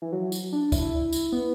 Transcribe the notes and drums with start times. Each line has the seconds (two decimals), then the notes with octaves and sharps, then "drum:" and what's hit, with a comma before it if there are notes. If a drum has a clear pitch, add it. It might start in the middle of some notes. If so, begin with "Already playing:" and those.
0.02 E3
0.12 F#3
0.32 drum: tambourine
0.53 D4
0.72 E4, drum: kick, tambourine
1.13 drum: tambourine
1.32 B3